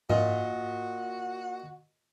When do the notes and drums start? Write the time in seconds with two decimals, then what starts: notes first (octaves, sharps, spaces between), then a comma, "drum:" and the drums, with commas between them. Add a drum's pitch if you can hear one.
0.10 A#2 F#4 D#5, drum: tom G#2